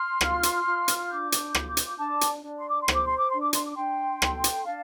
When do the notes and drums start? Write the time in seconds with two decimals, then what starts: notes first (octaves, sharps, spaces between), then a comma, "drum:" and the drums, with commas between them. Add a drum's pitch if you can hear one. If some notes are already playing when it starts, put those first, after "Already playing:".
Already playing: C6 F6
0.21 F4, drum: rim click
0.43 drum: hi-hat
0.66 F4
0.88 drum: hi-hat
1.10 D4 D6 G6
1.32 drum: hi-hat
1.55 F4, drum: rim click
1.77 drum: hi-hat
1.99 D4 A5 D6
2.21 drum: hi-hat
2.44 D4
2.59 C6
2.70 D6
2.82 C6
2.88 C5, drum: rim click
2.94 D6
3.06 C6
3.17 D6
3.29 D4 C6
3.41 D6
3.53 C6, drum: hi-hat
3.64 D6
3.76 D4 G5 C6
4.22 A4, drum: rim click
4.44 drum: hi-hat
4.66 D4 F5 A5